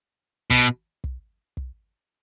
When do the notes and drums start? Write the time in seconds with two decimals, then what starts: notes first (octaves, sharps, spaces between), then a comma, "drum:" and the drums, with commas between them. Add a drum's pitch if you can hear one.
0.50 B2, drum: kick
1.04 drum: kick
1.57 drum: kick